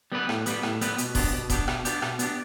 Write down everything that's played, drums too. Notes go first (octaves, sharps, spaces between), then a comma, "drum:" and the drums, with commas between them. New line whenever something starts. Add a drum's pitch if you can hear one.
G3 B3 G4 B4
A2, drum: rim click
G3 B3 G4 B4, drum: hi-hat
A2, drum: rim click
G3 B3 G4 B4, drum: hi-hat
B2, drum: hi-hat
B3 D4 G4, drum: kick D#1, open hi-hat
B2
B3 D4 G4, drum: kick D#1, hi-hat
B2, drum: rim click
B3 D4 G4, drum: hi-hat
B2, drum: rim click
B3 D4 G4, drum: hi-hat